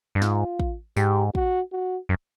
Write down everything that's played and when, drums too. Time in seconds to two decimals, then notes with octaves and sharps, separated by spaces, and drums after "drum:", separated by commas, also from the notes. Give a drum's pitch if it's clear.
0.15 G2
0.22 G#2 F4, drum: snare
0.60 drum: kick
0.97 G#2 G4, drum: tambourine
1.35 F#4, drum: kick
1.72 F#4
2.09 F#2